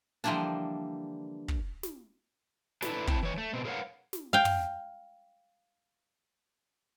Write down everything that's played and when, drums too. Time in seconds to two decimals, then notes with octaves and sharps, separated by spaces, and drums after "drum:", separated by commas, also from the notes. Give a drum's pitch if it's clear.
0.24 D3 E3 F3 G3 A#3 D4
1.48 drum: kick
1.83 drum: snare
2.82 D4 E4 A4 B4, drum: snare
3.07 C4 E4 A5, drum: kick
3.23 E3 C#5
3.38 A3
3.53 B2 C4
3.65 G#4 A#4 B4 C#5 F5 F#5
4.13 drum: snare
4.33 F5 G5
4.45 drum: tom